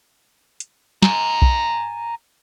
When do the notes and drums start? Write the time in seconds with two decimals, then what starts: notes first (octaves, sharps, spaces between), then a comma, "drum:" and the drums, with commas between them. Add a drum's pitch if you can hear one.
0.60 drum: hi-hat
1.02 G#5 A#5, drum: snare
1.42 drum: kick B1